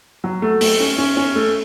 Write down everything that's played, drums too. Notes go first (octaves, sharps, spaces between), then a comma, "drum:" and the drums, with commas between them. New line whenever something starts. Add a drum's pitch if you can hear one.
F#3
A3
A3, drum: open hi-hat
C#4
C#4
C#4
A3